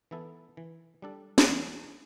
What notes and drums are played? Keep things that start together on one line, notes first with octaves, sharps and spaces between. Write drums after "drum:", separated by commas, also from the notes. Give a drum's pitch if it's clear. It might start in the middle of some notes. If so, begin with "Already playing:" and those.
E3 B3 E4 A4
E3
G3 D4 A4
drum: snare
E2